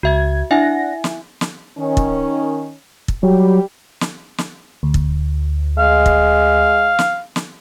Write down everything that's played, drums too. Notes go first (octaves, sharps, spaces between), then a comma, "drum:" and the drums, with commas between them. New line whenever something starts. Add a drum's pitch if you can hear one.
C#2 F#4 E5 G#6
D4 E4 E5 F#5 G#5 A#6
drum: snare
drum: snare
D#3 C#4
drum: kick
drum: kick
F#3 G3 G4
drum: snare
drum: snare
D2
drum: kick
G#3 F5
drum: kick
drum: snare
drum: snare